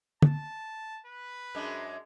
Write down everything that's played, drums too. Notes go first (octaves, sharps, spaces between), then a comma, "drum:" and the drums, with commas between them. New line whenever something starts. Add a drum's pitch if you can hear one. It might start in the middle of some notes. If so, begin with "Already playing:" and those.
A5, drum: tom
B4
F#2 G#3 D4